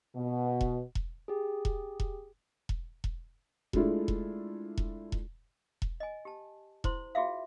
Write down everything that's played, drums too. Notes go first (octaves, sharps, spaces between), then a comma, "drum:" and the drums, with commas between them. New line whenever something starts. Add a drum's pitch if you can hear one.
B2
drum: kick E1
drum: kick E1
G4 G#4
drum: kick E1
drum: kick E1
drum: kick E1
drum: kick E1
G#3 A3 D4 E4 F4, drum: kick E1
drum: kick E1
drum: kick E1
drum: kick E1
drum: kick E1
D#5 G#5
G4 A5
E4 C5 C6, drum: kick E1
F4 F#4 G#4 E5 F5